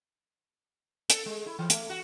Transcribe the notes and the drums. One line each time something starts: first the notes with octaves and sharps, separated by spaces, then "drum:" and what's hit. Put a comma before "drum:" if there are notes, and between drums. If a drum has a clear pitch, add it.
A4, drum: hi-hat
G#3
E4
E3
A3, drum: hi-hat
F#4